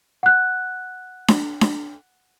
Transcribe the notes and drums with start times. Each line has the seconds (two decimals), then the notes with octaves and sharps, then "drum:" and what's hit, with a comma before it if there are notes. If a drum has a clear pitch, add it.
0.23 F#5 F#6
1.28 drum: snare D4
1.61 drum: snare D4